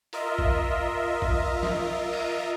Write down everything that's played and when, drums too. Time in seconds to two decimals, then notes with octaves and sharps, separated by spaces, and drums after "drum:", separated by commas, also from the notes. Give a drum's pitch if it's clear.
0.13 F4 A#4 D#5 E5, drum: hi-hat
0.39 drum: kick A1
1.22 drum: kick A1
1.63 drum: snare
2.13 drum: cymbal